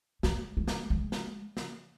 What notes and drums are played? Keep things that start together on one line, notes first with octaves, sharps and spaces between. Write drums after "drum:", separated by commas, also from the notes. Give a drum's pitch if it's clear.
G#3, drum: snare
G#3
drum: snare
G#3
drum: snare
drum: snare